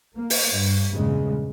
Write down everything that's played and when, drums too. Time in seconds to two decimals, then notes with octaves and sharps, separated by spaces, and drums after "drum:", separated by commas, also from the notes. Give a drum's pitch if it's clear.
0.14 A#3
0.30 drum: open hi-hat
0.51 G2
0.93 E2 G2 A#2 C#3 G#3